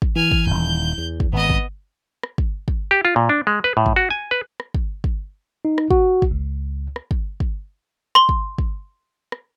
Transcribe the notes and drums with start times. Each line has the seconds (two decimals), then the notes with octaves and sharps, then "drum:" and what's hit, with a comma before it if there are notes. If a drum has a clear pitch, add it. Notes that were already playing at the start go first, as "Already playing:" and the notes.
0.02 drum: kick
0.16 E3 G#5 F6
0.31 drum: kick
0.46 D#1 G#1 G6
0.98 E2
1.20 drum: kick
1.33 G#1 B3 D#5
1.50 drum: kick
2.23 drum: rim click
2.38 drum: kick
2.68 drum: kick
2.91 G4
3.05 F4
3.16 A#2
3.29 D4
3.47 G#3
3.64 B4
3.77 A2
3.86 drum: kick
3.96 F#4
4.10 G#5
4.31 B4
4.60 drum: rim click
4.74 drum: kick
5.04 drum: kick
5.65 D#4
5.78 drum: rim click
5.90 F#4, drum: kick
6.22 drum: kick
6.31 C#2
6.96 drum: rim click
7.11 drum: kick
7.40 drum: kick
8.15 C6 G7, drum: rim click
8.29 drum: kick
8.58 drum: kick
9.32 drum: rim click